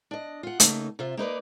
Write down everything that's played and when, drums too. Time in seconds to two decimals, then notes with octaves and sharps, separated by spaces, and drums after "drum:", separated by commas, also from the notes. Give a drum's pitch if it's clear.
0.11 D4 D#5
0.43 F4 F#5
0.60 C#3 A3 A#3 D#4, drum: hi-hat
0.99 C3 F4 E5
1.17 A#3 D#4 B4 D5